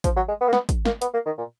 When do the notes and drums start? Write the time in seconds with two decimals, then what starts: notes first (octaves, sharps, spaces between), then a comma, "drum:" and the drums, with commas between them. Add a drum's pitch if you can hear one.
0.04 F3, drum: kick, hi-hat
0.17 F#3
0.28 G#3
0.41 B3
0.48 A#3
0.53 B3, drum: snare
0.69 drum: kick, hi-hat
0.85 A#3, drum: snare
1.02 B3, drum: hi-hat
1.14 A#3
1.26 D#3
1.38 A#2